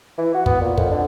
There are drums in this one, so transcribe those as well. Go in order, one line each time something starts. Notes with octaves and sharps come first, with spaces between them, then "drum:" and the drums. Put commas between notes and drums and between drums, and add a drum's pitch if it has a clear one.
E3
F#4
B3, drum: kick
A#2
F2, drum: kick
D3